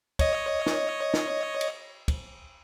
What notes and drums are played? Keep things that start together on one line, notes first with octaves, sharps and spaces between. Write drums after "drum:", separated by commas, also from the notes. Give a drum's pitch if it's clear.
C#5 D#5, drum: kick, cymbal
drum: snare
drum: snare
drum: cymbal
drum: kick, cymbal